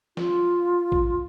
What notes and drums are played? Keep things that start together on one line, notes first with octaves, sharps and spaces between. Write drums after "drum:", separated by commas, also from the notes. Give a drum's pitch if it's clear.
F4, drum: snare
drum: kick A#1